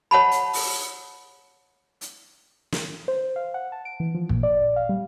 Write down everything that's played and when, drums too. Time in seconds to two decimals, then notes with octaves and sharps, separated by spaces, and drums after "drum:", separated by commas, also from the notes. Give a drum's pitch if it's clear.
0.11 C#5 F#5 A5 B5
0.31 drum: hi-hat
0.53 drum: open hi-hat
2.01 drum: hi-hat
2.72 drum: snare
3.08 C5
3.36 F5
3.54 F#5
3.72 A5
3.85 D7
4.00 E3
4.15 F3
4.29 A#2, drum: kick
4.43 D5
4.76 F5
4.89 G3